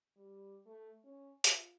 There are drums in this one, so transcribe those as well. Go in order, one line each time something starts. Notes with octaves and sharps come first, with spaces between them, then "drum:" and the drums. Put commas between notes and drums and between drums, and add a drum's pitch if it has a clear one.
G3
A3
C#4
F4, drum: hi-hat